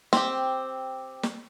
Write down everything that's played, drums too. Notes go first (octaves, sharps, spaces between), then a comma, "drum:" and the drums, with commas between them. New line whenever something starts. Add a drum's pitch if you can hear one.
C4 G4, drum: snare
drum: snare